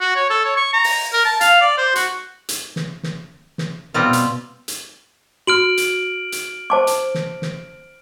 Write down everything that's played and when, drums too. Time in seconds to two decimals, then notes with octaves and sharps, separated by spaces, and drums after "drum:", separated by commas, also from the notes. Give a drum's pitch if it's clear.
0.01 F#4
0.16 C#5
0.30 A4
0.45 C#5
0.57 C#6
0.73 A#5
0.84 drum: open hi-hat
1.13 A#4
1.25 A5
1.41 F5, drum: hi-hat
1.61 D5
1.78 C5
1.95 F#4, drum: hi-hat
2.49 drum: hi-hat
2.76 drum: snare
3.03 drum: snare
3.58 drum: snare
3.94 B2 G3 B3 C4 F4
4.13 drum: hi-hat
4.68 drum: hi-hat
5.47 F#4 F6 D7 F#7
5.77 drum: hi-hat
6.32 drum: hi-hat
6.70 C5 A5 D6
6.87 drum: hi-hat
7.14 drum: snare
7.42 drum: snare